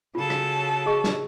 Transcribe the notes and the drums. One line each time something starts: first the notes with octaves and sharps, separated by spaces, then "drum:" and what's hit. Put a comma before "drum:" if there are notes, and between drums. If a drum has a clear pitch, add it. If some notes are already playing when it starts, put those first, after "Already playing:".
C#3 F#3 F4 A4
drum: rim click
G#4 D#5 C#6
drum: snare